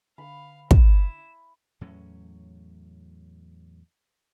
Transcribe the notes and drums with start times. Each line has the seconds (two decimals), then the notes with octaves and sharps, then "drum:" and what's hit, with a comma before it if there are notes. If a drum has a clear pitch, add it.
0.18 D3 F5 B5
0.71 E4 E7, drum: kick
1.81 E2 A2 F#3 C#4